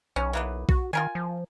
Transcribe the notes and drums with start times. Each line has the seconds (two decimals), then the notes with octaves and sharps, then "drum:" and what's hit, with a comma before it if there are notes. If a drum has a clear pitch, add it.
0.16 B1 C#4
0.33 E3 A#3 B3
0.69 F#4, drum: kick B1
0.93 D#3 F4 A#4 G#5
1.15 F3